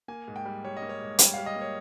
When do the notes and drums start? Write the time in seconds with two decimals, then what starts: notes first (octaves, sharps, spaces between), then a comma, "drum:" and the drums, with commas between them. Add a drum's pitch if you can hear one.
0.08 A#3 G#5
0.28 G#2
0.36 G5
0.45 G3
0.65 G3 C#5
0.77 D#5
0.82 A#3
0.89 C#5
1.01 G#2
1.19 G3 G5, drum: hi-hat
1.33 G3 F5
1.46 D#5
1.56 A#3
1.61 C#5